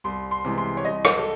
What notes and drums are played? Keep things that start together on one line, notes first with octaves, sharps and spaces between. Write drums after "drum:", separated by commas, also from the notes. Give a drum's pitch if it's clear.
C2 C6
C6
C3 E3 G#3
C6
C#5
C2 D#5
drum: rim click
A4